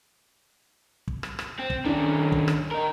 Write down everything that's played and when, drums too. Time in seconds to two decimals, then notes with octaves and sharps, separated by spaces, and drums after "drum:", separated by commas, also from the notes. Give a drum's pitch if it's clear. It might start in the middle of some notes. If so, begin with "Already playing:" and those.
1.08 drum: kick
1.23 drum: rim click
1.39 drum: rim click
1.59 C4
1.70 drum: kick
1.85 D#3 C#4 D4
2.32 drum: kick
2.48 drum: rim click
2.72 D#4 A#4